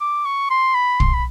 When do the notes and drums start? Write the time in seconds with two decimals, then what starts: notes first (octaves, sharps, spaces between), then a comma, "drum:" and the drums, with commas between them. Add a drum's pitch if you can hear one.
0.01 D6
0.26 C#6
0.50 C6
0.75 B5
1.00 C6, drum: kick
1.14 B5